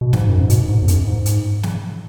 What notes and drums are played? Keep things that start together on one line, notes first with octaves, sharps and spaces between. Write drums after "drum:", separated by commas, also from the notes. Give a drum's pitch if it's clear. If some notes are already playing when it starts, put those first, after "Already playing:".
B2
G#2, drum: snare
F#2
G#2
B2, drum: hi-hat
G#2
E2
F#2, drum: hi-hat
G#2
drum: hi-hat
drum: snare